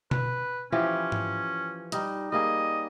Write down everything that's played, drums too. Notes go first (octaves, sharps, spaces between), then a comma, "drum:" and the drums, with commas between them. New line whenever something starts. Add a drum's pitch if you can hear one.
B4, drum: tom B2
E3 F3 C#4 G4
drum: tom G#2
G3 D#4, drum: hi-hat
G3 A#3 G#4 D#5